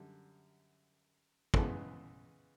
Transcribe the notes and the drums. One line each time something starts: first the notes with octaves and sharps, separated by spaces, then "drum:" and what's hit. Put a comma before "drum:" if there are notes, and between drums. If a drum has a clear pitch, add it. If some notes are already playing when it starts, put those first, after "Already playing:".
Already playing: F#2 D3 G3
C#3 E3 G#3 B3 A4, drum: kick